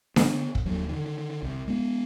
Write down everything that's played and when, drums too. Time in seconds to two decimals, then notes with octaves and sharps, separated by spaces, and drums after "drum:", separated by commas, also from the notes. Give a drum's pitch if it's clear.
0.16 D3 B3, drum: snare D4
0.55 drum: kick
0.65 D#2 F#3
0.88 D3 D#3
1.43 C2
1.68 G#3 B3